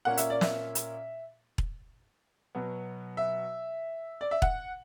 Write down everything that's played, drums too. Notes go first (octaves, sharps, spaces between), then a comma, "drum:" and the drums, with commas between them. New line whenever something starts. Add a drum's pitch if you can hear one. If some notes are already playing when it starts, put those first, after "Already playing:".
A#2 A#3 C#4 F#5
E5, drum: hi-hat
D5
E5, drum: snare
drum: hi-hat
drum: kick E1
B2 F#3 B3
E5
D5
E5
F#5, drum: kick E1